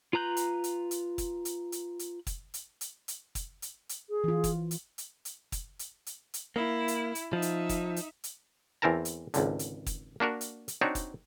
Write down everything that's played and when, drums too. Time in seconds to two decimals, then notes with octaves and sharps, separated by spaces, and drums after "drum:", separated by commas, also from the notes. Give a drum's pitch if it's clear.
0.13 F4 B4 A#5 F#6 G6
0.37 drum: hi-hat
0.64 drum: hi-hat
0.91 drum: hi-hat
1.18 drum: kick, hi-hat
1.45 drum: hi-hat
1.72 drum: hi-hat
1.99 drum: hi-hat
2.27 drum: kick, hi-hat
2.54 drum: hi-hat
2.81 drum: hi-hat
3.08 drum: hi-hat
3.35 drum: kick, hi-hat
3.62 drum: hi-hat
3.89 drum: hi-hat
4.10 G#4
4.24 E3 F4
4.44 drum: kick, hi-hat
4.71 drum: hi-hat
4.98 drum: hi-hat
5.25 drum: hi-hat
5.52 drum: kick, hi-hat
5.79 drum: hi-hat
6.06 drum: hi-hat
6.34 drum: hi-hat
6.56 A#3 E4
6.88 drum: hi-hat
7.15 drum: hi-hat
7.33 F3 D#4 E5
7.42 drum: hi-hat
7.69 drum: kick, hi-hat
7.96 drum: hi-hat
8.24 drum: hi-hat
8.82 E2 E3 C4 A#4 A5 A#5
9.05 drum: hi-hat
9.34 G#1 C#2 D3, drum: hi-hat
9.59 drum: hi-hat
9.86 drum: kick, hi-hat
10.20 A#3 D4 F#4 A#4
10.41 drum: hi-hat
10.68 drum: hi-hat
10.81 C4 D4 D#4 F#4 C#5 D5
10.95 drum: kick, hi-hat